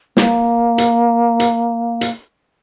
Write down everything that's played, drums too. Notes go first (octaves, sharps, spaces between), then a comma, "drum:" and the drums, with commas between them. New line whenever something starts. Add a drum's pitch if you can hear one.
A#3, drum: snare
drum: hi-hat
drum: hi-hat
drum: hi-hat